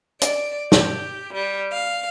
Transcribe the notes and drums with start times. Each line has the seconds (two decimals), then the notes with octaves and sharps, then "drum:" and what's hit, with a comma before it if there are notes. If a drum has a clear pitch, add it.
0.21 D5, drum: hi-hat
0.72 G4, drum: snare
1.33 G3
1.71 F5